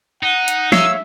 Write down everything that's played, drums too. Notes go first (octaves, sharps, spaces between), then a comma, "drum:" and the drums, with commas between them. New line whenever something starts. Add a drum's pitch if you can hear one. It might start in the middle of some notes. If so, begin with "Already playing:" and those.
D#4 F#5
drum: hi-hat
C#5 E5 F5 E6, drum: snare